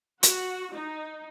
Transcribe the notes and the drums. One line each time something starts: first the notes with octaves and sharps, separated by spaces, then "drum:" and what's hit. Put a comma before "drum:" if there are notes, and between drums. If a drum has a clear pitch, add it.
F#4, drum: hi-hat
D#4